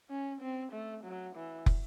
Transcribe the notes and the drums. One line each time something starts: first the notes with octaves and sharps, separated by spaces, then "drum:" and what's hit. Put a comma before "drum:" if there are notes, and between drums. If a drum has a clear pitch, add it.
C#4
C4
A3
F#3
E3
drum: kick